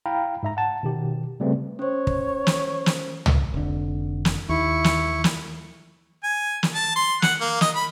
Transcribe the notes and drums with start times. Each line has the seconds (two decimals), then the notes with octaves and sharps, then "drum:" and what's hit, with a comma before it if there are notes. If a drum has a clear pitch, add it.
0.06 E4 F5 G5 A#5 B5 F6
0.43 G#2 E5 A#5
0.57 F#5 A5
0.83 B2 D#3 G4
1.40 C#3 G3 A3 C4 B4
1.79 C#4 C5 C#5
2.07 drum: kick
2.47 drum: snare
2.86 drum: snare
3.26 drum: tom
3.54 F1 D3
4.25 drum: snare
4.49 D#2 E4 C#6
4.84 drum: snare
5.24 drum: snare
6.24 G#5
6.63 drum: snare
6.75 A5
6.96 C6
7.22 F#5, drum: snare
7.41 A#3
7.61 D#5, drum: snare
7.75 B5